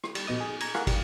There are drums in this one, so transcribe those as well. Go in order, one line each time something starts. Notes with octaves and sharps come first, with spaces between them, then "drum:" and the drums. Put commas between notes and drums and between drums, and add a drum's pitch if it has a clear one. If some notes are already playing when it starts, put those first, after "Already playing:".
drum: rim click
G3, drum: cymbal
A#1 B2 D#5 D#6
G#4
A#5 G#6, drum: cymbal
G#4 A#4 F5 F#5, drum: rim click
G3, drum: kick, cymbal